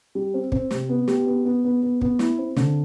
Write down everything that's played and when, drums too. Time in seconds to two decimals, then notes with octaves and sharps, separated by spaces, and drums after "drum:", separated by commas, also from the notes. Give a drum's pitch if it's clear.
0.15 G3
0.34 C4
0.52 C4, drum: kick
0.71 C3, drum: snare
0.89 B3
1.08 G4, drum: snare
1.27 B3
1.45 B3
1.64 B3
1.83 B3
2.01 B3, drum: kick
2.19 E4, drum: snare
2.38 C4
2.56 D3, drum: snare